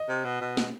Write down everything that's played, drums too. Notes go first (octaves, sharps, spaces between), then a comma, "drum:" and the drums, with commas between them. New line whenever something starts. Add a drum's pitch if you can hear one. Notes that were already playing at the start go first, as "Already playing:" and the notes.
Already playing: D#5
C3
B2
B2
drum: snare